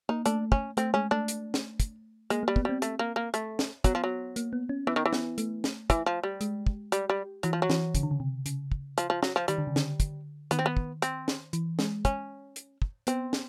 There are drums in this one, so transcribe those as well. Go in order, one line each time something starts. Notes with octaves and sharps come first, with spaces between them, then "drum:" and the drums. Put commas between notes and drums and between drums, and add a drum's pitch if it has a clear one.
A#3 D#4
A3 D4, drum: hi-hat
C#4, drum: kick
A3 C4, drum: hi-hat
G#3 C#4
A3 D4
drum: hi-hat
drum: snare
drum: kick, hi-hat
G#3 A#3, drum: hi-hat
G3 A#3
B3, drum: kick
G3 C4
A3, drum: hi-hat
A#3
A#3
A3, drum: hi-hat
drum: snare
F#3 B3, drum: kick, hi-hat
F3
F#3
A#3, drum: hi-hat
B3
C#4
E3 B3
D#3
E3
B3, drum: snare
A3, drum: hi-hat
drum: snare
E3, drum: kick, hi-hat
F3
G3
G#3, drum: hi-hat
drum: kick
G3, drum: hi-hat
G3
E3 F#3, drum: hi-hat
F3
F#3
E3, drum: snare
C#3, drum: kick, hi-hat
D3
C#3
C3
C#3, drum: hi-hat
drum: kick
F3, drum: hi-hat
F3
F#3, drum: snare
F3
D#3 G3, drum: hi-hat
D3
C#3
D3, drum: snare
drum: kick, hi-hat
D#3 B3, drum: hi-hat
C4
B3
drum: kick
C4, drum: hi-hat
drum: snare
E3, drum: hi-hat
G#3, drum: snare
C#4, drum: kick, hi-hat
drum: hi-hat
drum: kick
B3 C4, drum: hi-hat
drum: snare